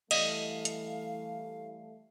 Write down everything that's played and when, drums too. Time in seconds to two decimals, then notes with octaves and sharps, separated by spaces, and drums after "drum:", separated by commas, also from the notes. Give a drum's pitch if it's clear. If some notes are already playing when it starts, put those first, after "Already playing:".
0.11 E3 G3 A3 D#5 F5, drum: cymbal
0.65 drum: hi-hat